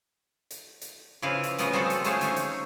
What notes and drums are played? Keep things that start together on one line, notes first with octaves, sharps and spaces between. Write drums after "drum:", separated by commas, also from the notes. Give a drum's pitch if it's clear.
drum: hi-hat
drum: hi-hat
C#3 F3 E4 B4 F5
drum: hi-hat
C#3 F3 A3 B3 A#4 B4, drum: hi-hat
G3 G#3 C4 F4 F#4 A4
drum: hi-hat
F3 F#3 A3 G#4 C5 F5, drum: hi-hat
A3 C#4 D#4 C#5 G#5, drum: hi-hat
drum: hi-hat